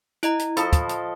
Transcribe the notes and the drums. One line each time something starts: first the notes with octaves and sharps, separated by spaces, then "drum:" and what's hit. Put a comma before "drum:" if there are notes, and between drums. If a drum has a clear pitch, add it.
E4 D#5 A#5, drum: hi-hat
drum: hi-hat
F3 A4 D#5 B5, drum: hi-hat
drum: kick, hi-hat
drum: hi-hat